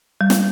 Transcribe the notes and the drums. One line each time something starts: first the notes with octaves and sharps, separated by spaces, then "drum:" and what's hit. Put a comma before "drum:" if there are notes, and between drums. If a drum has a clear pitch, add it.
G3
drum: snare